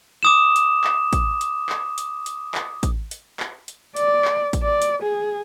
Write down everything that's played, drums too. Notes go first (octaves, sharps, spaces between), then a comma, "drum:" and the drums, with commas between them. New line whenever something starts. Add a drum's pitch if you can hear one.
D6 D#6 E7
drum: hi-hat
drum: clap
drum: kick A1, hi-hat
drum: hi-hat
drum: clap
drum: hi-hat
drum: hi-hat
drum: clap
drum: kick A1, hi-hat
drum: hi-hat
drum: clap
drum: hi-hat
D5, drum: hi-hat
drum: clap
drum: kick A1, hi-hat
D5
drum: hi-hat
G#4